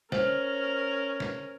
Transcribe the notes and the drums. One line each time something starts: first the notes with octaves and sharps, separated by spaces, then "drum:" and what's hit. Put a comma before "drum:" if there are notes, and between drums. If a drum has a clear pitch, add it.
C#4 A#4 C5, drum: snare
drum: snare